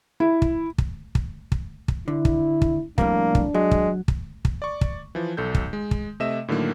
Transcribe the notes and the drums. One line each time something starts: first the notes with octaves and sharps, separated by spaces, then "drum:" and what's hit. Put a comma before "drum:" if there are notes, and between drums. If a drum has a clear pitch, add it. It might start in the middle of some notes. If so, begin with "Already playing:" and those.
E4
drum: kick
drum: kick
drum: kick
drum: kick
drum: kick
D3 E4
drum: kick
drum: kick
F2 A2 G3 A#3 D4, drum: kick
drum: kick
F#3 G#3
drum: kick
drum: kick
drum: kick
D5 C#6
drum: kick
E3 F3
B1 A4 G6
drum: kick
G#3
drum: kick
C3 A3 D#5 E5 E7
A2 D3 D#3 F#3 A#3